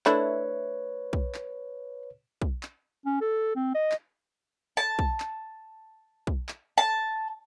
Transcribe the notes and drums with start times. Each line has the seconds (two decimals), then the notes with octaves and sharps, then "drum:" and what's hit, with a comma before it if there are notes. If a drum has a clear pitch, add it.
0.06 A3 D4 E4 B4 C#5, drum: clap
1.13 drum: kick
1.34 drum: clap
2.42 drum: kick
2.63 drum: clap
3.06 C#4
3.21 A4
3.55 C4
3.75 D#5
3.92 drum: clap
4.77 A5
4.99 drum: kick
5.20 drum: clap
6.27 drum: kick
6.49 drum: clap
6.78 A5